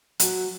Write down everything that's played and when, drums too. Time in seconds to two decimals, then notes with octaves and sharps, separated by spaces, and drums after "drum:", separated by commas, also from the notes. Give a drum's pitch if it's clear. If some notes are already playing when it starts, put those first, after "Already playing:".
0.20 F#3, drum: hi-hat